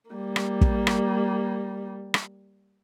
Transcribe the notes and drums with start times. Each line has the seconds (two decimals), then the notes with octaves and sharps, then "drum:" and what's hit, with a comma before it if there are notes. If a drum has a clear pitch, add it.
0.10 G3 A#3
0.36 drum: rim click
0.61 drum: kick
0.87 drum: rim click
2.14 drum: rim click